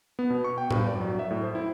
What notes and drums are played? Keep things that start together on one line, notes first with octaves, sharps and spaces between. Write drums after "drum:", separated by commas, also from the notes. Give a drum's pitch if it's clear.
B3
B2
C#6
G5
G2, drum: tom A2
D5
F#3
E5
A2
C5
E4